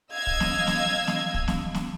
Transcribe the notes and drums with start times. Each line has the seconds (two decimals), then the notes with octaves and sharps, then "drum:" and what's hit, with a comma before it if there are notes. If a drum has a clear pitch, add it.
0.13 D#5 F5 E6 G#6
0.27 drum: kick
0.40 drum: snare
0.67 drum: snare
1.07 drum: snare
1.34 drum: kick
1.48 drum: snare
1.75 drum: snare